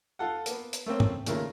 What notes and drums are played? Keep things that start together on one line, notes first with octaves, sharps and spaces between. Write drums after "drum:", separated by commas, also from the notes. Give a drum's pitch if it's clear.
F4 A4 F#5
A#3 B3, drum: hi-hat
drum: hi-hat
A3 A#3 C4 C#4
drum: tom
D#2 A#2 C#3 A3 E4 A#4, drum: hi-hat